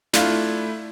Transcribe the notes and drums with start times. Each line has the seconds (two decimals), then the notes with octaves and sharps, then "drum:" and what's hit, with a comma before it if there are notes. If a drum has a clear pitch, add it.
0.13 A3 D4 E4 F4 F6, drum: snare